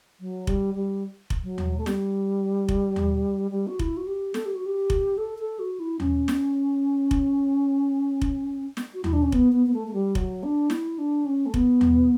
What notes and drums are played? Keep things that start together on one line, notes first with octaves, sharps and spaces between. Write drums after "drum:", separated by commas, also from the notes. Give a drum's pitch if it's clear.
F#3
G3, drum: kick F1
G3
drum: kick F1
F#3
drum: tom D#2
A3
G3, drum: snare
drum: kick F1
drum: tom D#2
G3
F#4
E4, drum: kick F1
F#4
G4
A4, drum: snare
G4
F#4
G4
drum: kick F1
A4
A4
F#4
E4
C#4, drum: tom D#2
drum: snare
drum: kick F1
drum: kick F1
drum: snare
F#4
E4, drum: tom D#2
D4
C#4
B3, drum: kick F1
B3
B3
A3
A3
G3
F#3, drum: kick F1
D4
E4, drum: snare
D4
C#4
A3
B3, drum: kick F1
drum: tom D#2